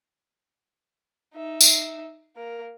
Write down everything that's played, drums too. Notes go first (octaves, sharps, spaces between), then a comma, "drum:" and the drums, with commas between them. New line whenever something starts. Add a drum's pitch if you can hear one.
D#4 E5
drum: tambourine
A#3 A#4